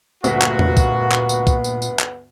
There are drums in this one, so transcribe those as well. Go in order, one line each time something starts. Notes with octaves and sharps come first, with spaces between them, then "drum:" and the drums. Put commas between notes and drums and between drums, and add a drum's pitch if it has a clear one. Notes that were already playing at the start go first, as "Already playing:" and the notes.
D2 G2 A#2 A#3 B3 F#4 B6, drum: tambourine
drum: clap
drum: tom E2
drum: kick, tambourine
drum: clap
drum: tambourine
drum: kick, tambourine
drum: tambourine
drum: tambourine
drum: clap